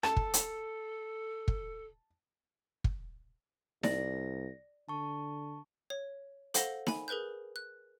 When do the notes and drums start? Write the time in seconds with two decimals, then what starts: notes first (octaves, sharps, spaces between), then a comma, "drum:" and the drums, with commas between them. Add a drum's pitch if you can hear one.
0.03 A4 A5, drum: rim click
0.16 drum: kick
0.34 drum: hi-hat
1.48 drum: kick
2.84 drum: kick
3.83 C2 D5 A#6, drum: snare D#4
4.89 D3 A5 C#6
5.90 C#5
6.54 A4 C5 F5 F#5 A#6 G7, drum: hi-hat
6.87 G#5 B5, drum: snare D#4
7.08 G#4 A#4 B4 F#6 G6
7.56 F#6